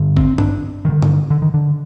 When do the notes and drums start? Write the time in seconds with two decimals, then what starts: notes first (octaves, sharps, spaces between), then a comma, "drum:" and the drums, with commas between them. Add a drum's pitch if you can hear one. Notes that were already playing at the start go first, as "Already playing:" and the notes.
Already playing: G2 D3
0.17 C4, drum: kick
0.38 D4, drum: tom G2
0.85 G2 D3 D#3
1.02 drum: tom G2
1.30 D3
1.42 D#3
1.54 D3